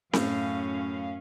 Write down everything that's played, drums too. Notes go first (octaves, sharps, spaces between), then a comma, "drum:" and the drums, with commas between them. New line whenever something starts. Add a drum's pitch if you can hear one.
F#2 A2 C#4 F5, drum: snare C4